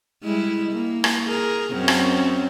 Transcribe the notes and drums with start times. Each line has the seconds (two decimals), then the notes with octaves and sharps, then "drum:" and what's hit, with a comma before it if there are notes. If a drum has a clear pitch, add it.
0.23 G3 G#3 E4
0.72 A#3
1.04 drum: rim click
1.25 G#4 A#4
1.71 F#2 C4 C#4
1.88 drum: rim click